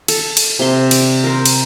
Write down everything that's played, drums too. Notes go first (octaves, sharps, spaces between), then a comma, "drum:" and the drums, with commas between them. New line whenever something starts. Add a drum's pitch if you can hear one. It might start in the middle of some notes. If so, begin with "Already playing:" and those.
A4, drum: cymbal
drum: cymbal
C3 C6
D5, drum: cymbal
A#4 C5
drum: cymbal